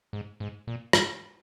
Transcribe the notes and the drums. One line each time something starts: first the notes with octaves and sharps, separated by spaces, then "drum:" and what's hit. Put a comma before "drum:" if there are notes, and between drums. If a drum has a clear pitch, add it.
G#2
G#2
A#2
G#2, drum: rim click